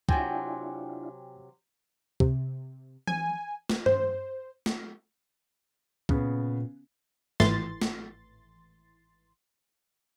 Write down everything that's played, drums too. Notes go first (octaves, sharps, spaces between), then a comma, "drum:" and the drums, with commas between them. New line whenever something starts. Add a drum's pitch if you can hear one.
C3 F#3 D4 E4 F4 G5 G#5, drum: kick
C3, drum: kick
G#5, drum: tom E3
drum: snare
C5, drum: tom G2
drum: snare
A#2 C#3 B3, drum: kick
G#1 A2 E3 C6 A6, drum: snare
drum: snare